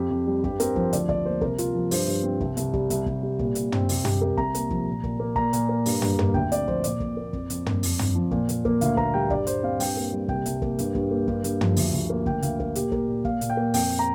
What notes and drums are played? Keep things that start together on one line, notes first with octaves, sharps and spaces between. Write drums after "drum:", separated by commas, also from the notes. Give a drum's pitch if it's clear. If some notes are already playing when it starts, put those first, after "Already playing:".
Already playing: F2 G4
F2
G3
G2 G4, drum: kick
C4 A#4, drum: hi-hat
F3 C5, drum: kick
D2 D5, drum: hi-hat
D2 D5, drum: kick
A#3 C5
C2 A#4, drum: kick
C2 F4, drum: hi-hat
F3
G2 C5, drum: open hi-hat
G2
C4
C2, drum: kick
C2, drum: hi-hat
G3, drum: kick
C2, drum: hi-hat
C2, drum: kick
G3
A#2, drum: kick
A#2, drum: hi-hat
C4, drum: tom
C2, drum: open hi-hat
C4 G4, drum: tom
G3 A#4
C2 A#5, drum: kick
A#3, drum: hi-hat
F3, drum: kick
A#2
A#2, drum: kick
A#3
A#2 A#5, drum: kick
A#2, drum: hi-hat
A#3
G2, drum: open hi-hat
G2, drum: tom
A#3, drum: tom
D2 G5, drum: kick
C4 D5, drum: hi-hat
F3 C5, drum: kick
A#2 D5, drum: hi-hat
A#2, drum: kick
A#3
F2, drum: kick
F2, drum: hi-hat
A#3, drum: tom
F2, drum: open hi-hat
F2, drum: tom
F3
A#2, drum: kick
A#2, drum: hi-hat
A#3, drum: kick
D2 F5, drum: hi-hat
A#3 A#5, drum: kick
G3 G5
G2 D5, drum: kick
G2 C5, drum: hi-hat
C4 F5
G2 G5, drum: open hi-hat
A#3
G3
C2 G5, drum: kick
C2, drum: hi-hat
A#3, drum: kick
G2, drum: hi-hat
G2, drum: kick
A#3
G2, drum: kick
G2, drum: hi-hat
F3, drum: tom
D2, drum: open hi-hat
D2
A#3
D2 G5, drum: kick
D2 F5, drum: hi-hat
A#3, drum: kick
A#2 G4, drum: hi-hat
A#3 A#4, drum: kick
A#2
A#2 F5, drum: kick
A#2, drum: hi-hat
G5
A#3
F2 G5, drum: open hi-hat
A#5